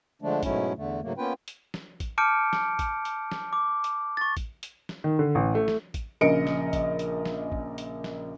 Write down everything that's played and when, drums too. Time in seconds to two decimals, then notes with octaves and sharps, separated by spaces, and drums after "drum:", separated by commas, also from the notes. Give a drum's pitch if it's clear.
0.22 D3 F3 G#3 A3 D4
0.43 G#2 B2 F#3 A3 C#4 E4, drum: kick, hi-hat
0.77 E2 D3 A3
1.02 G#2 C#3 F#3 A3 A#3
1.18 A#3 B3 C#4 F4 B4 G5
1.48 drum: hi-hat
1.74 drum: snare
2.00 drum: kick, hi-hat
2.18 A5 D6 F6 G6 C#7 D7
2.53 drum: snare
2.79 drum: kick, hi-hat
3.05 drum: hi-hat
3.32 drum: snare
3.53 D6
3.84 drum: hi-hat
4.17 C#6 A6
4.37 drum: kick, hi-hat
4.63 drum: hi-hat
4.89 drum: snare
5.04 D#3
5.19 D3
5.35 A1
5.55 A3
5.68 drum: snare
5.94 drum: kick, hi-hat
6.21 A#1 C#3 A#4 D#5 C#7 D7
6.47 drum: snare
6.73 drum: kick, hi-hat
6.99 drum: hi-hat
7.26 drum: snare
7.52 drum: kick
7.78 drum: hi-hat
8.04 drum: snare